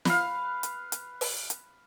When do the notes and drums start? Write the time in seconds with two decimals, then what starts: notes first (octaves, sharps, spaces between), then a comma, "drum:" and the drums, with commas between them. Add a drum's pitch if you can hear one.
0.05 B4 F5, drum: snare
0.63 drum: hi-hat
0.92 drum: hi-hat
1.21 drum: open hi-hat
1.50 drum: hi-hat